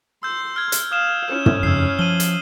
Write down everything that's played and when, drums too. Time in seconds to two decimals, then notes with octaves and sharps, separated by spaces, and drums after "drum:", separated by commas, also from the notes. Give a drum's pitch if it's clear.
0.23 C6 E6 G6
0.56 F6 G#6
0.72 drum: hi-hat
0.92 F5 D#6 F6 E7
1.28 C#4 E4 E7
1.46 drum: tom
1.63 F2 C#3 E6 G6 C7
1.99 F3 D#7 F#7 G7
2.20 drum: hi-hat